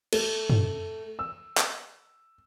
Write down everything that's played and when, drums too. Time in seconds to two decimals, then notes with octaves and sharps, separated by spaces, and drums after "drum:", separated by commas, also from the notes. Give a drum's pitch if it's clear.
0.13 A3, drum: cymbal
0.50 drum: tom
1.19 E6
1.58 drum: clap